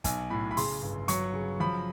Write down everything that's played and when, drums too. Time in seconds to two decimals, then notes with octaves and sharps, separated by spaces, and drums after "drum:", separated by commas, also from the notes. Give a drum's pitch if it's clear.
0.04 B1 G#5, drum: kick, hi-hat
0.30 A2 B5
0.51 B5
0.57 C#3 C6, drum: open hi-hat
0.82 G1
1.08 F#3 C#6, drum: hi-hat
1.34 C#3
1.60 F3 B5